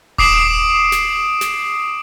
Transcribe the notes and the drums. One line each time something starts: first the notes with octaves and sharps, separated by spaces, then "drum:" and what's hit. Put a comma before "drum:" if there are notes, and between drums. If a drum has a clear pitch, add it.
D6 D#6 C7 D7 E7 F#7, drum: kick D#1
drum: snare
drum: snare